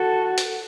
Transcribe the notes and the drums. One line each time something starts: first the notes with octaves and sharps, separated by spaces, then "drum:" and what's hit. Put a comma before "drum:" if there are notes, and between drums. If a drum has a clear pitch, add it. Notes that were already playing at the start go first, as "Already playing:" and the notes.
Already playing: F#4 A4
drum: hi-hat